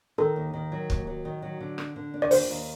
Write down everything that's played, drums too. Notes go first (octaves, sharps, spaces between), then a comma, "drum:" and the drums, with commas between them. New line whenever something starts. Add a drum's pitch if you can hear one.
D#3 A4
D#2
D#3
F#3
D#2, drum: kick
F#3
D#3
F#3
D3
D4, drum: rim click
D3
D4
D5
D#2 C5, drum: open hi-hat
D#2